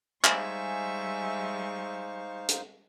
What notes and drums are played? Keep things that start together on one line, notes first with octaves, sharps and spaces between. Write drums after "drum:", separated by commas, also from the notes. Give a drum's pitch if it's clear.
G3 G#3 D#4 C5 E5 F5 G#5 C#6, drum: clap
drum: hi-hat